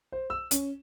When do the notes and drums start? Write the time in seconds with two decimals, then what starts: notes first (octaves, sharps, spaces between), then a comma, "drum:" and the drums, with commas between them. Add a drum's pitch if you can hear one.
0.12 C5
0.30 E6
0.51 C#4, drum: hi-hat